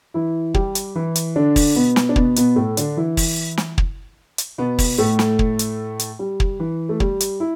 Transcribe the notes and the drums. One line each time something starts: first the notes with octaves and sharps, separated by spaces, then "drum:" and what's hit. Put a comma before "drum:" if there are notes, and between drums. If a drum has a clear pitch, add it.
E3 E4
G3 G4, drum: kick
drum: hi-hat
E3 E4
drum: hi-hat
D3 D4
drum: kick, open hi-hat
B2 B3
drum: snare
D4
B2 B3, drum: kick
B2 B3, drum: hi-hat
A2 A3
D3 D4, drum: hi-hat
E3 E4
drum: kick, open hi-hat
drum: snare
drum: kick
drum: hi-hat
B2 B3
drum: kick, open hi-hat
A2 A3
drum: snare
drum: kick
drum: hi-hat
drum: hi-hat
G3
drum: kick
E3
A3
G3, drum: kick
drum: hi-hat
E4